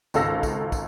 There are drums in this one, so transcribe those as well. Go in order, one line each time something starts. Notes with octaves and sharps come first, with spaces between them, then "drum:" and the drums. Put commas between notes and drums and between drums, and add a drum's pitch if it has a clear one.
G#1 C#2 A4 F5 E6 A#6, drum: tambourine
drum: kick, tambourine
drum: kick, tambourine